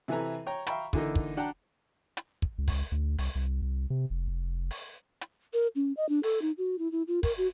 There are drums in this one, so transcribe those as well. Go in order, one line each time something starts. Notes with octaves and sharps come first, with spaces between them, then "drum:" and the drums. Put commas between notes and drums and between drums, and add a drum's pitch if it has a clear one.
C3 E3 A4 B4 G#5 A#5
C#5 G5 A#5
E5 F5 G5 A#5 B5 C#6, drum: hi-hat
D3 E3 A#3 D#4, drum: kick
drum: kick
D4 F#5 G5 A5 A#5
drum: hi-hat
drum: kick
C#2
drum: kick, open hi-hat
D2
C2, drum: open hi-hat
C2
C2
C3
F1
F1
drum: open hi-hat
drum: hi-hat
A#4
C#4
D#5
D4
A4, drum: open hi-hat
D#4
F#4
E4
E4
F4
A#4, drum: kick, open hi-hat
F#4